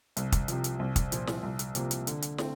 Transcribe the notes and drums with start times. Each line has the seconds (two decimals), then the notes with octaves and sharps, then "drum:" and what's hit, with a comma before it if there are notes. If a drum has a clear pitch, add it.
0.17 C2, drum: hi-hat
0.32 drum: kick, hi-hat
0.48 C3 F3, drum: hi-hat
0.64 drum: hi-hat
0.79 C2
0.96 drum: kick, hi-hat
1.12 A#2 F3, drum: hi-hat
1.27 drum: snare
1.43 C2
1.59 drum: hi-hat
1.75 C3 F3 A#3, drum: hi-hat
1.91 drum: hi-hat
2.07 D3, drum: hi-hat
2.22 drum: hi-hat
2.38 A3 C4, drum: snare